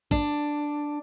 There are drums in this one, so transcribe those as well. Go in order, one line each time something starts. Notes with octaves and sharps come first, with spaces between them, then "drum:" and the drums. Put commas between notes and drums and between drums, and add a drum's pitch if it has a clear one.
D4, drum: kick